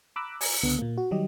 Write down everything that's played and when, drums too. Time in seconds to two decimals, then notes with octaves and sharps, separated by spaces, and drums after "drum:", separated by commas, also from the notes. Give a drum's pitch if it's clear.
0.16 A#5 B5 D6 E6 F#6
0.41 G#5 A#5, drum: open hi-hat
0.63 C#2 D3 B3
0.79 A#2 A#3
0.98 F#4
1.11 D#3 F#3 G3 G4 D#5